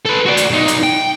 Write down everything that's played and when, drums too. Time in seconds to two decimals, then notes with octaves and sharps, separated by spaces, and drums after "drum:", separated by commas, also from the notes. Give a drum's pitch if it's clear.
0.06 A4 B4
0.26 F#4 D5
0.37 drum: hi-hat
0.51 B1 D#4
0.68 drum: hi-hat
0.83 G5